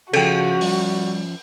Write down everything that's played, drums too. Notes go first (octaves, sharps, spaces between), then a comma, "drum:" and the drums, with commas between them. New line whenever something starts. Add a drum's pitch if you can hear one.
C#3 F3 C#4 F#4 A4 G5, drum: cymbal
G3, drum: open hi-hat